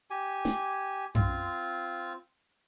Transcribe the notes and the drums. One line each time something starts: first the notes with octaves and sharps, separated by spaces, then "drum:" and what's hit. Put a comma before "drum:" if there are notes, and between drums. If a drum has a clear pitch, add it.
G4 G#5
drum: snare
C4 F4, drum: tom F#2